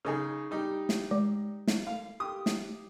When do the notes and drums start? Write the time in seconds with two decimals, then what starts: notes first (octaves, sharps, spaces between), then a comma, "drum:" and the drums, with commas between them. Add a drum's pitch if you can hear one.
0.05 C#3 D#4 G#4
0.51 G3 D#4 G4
0.89 drum: snare
1.11 G#3
1.67 drum: snare
1.87 F5
2.20 G4 D#6
2.46 drum: snare